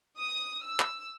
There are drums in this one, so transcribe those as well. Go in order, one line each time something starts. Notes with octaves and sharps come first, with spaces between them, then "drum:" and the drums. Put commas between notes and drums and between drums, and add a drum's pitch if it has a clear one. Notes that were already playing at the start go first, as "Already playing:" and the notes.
D#6
E6
drum: clap